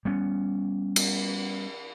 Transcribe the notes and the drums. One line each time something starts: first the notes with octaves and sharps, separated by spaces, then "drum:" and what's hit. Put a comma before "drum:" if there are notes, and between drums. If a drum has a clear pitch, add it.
G3 B3 C#4
drum: cymbal